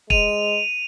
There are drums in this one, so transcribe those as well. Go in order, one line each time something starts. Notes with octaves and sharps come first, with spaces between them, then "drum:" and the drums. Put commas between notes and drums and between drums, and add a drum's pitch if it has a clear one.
G#3 D#7 F7, drum: kick E1